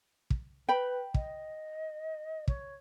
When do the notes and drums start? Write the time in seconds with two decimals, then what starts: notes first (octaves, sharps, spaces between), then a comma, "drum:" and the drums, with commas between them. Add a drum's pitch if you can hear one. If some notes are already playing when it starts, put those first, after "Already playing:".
0.30 drum: kick
0.69 B4 G5 B5
1.14 D#5, drum: kick
2.48 C#5, drum: kick